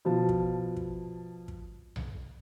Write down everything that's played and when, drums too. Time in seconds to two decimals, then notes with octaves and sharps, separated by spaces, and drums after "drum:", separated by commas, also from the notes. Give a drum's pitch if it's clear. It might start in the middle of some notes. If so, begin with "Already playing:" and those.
0.05 B2 F3 A5
0.29 drum: kick
0.77 drum: kick
1.48 drum: kick
1.96 drum: tom B1